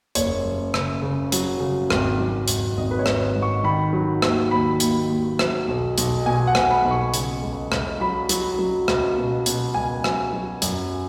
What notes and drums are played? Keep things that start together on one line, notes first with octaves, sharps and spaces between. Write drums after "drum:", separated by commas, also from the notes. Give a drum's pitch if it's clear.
F#1 C#5, drum: hi-hat
F#2
C#3, drum: rim click
C#3
F#3, drum: hi-hat
C#3
G#1, drum: rim click
F#3
G#1, drum: hi-hat
G#1 D#5
B4
C#5
G#1, drum: rim click
G#2
C#6
D#3 B5
F#3
D#2, drum: rim click
D#2 B5
D#2, drum: hi-hat
D#2
F#3, drum: rim click
B1
B1, drum: hi-hat
B2 G#5
F#5
B1, drum: rim click
B5
B1
C#6
C#3, drum: hi-hat
C#2
C#2, drum: rim click
F#3 B5
F#3, drum: hi-hat
F#3
C#2, drum: rim click
B2
B2, drum: hi-hat
C#2 G#5
F#3, drum: rim click
F#3
F#2, drum: hi-hat